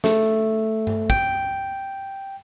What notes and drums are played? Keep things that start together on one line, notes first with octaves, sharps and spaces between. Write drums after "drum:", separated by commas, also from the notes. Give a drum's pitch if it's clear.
A3, drum: snare
drum: tom G2
G5, drum: kick